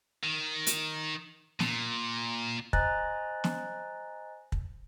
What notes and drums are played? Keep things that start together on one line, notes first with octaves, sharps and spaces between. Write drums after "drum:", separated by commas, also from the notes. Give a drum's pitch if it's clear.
D#3
drum: hi-hat
A#2, drum: snare
C5 D#5 G#5 A#5 F#6 A6, drum: kick
drum: snare
drum: kick